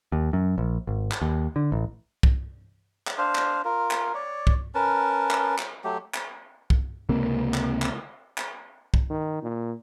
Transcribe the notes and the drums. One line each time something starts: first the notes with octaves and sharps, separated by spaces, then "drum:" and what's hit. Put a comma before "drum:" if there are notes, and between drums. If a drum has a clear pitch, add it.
D#2
F#2
A#1
G#1
drum: clap
D#2
D3
A1
drum: kick
drum: clap
D4 C5 F5
drum: clap
F4 A#4
drum: clap
C#5 D5
drum: kick
C#4 A#4 B4 A5
drum: clap
drum: clap
F#3 A3 G4
drum: clap
drum: kick
C#2 C3 A#3 C4
drum: clap
drum: clap
drum: clap
drum: kick
D#3
A#2